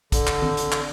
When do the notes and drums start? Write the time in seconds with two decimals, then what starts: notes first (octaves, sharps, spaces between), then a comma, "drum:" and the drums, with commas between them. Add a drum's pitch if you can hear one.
0.12 D3, drum: kick, hi-hat
0.27 drum: clap
0.42 drum: tom D#3
0.57 drum: hi-hat
0.72 drum: clap